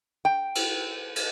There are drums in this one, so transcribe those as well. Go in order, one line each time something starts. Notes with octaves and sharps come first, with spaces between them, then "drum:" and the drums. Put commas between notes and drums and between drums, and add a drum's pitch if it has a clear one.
G5
drum: cymbal
drum: cymbal